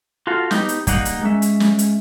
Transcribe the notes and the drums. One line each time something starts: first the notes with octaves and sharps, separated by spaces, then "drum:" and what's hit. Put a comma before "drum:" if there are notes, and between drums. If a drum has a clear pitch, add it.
F4 F#4 A4 F5
B3 D#4 G4, drum: snare
drum: hi-hat
G3 A#3 D#4 F#5, drum: kick, hi-hat
drum: hi-hat
G#3 C#4 E5
drum: hi-hat
drum: snare
drum: hi-hat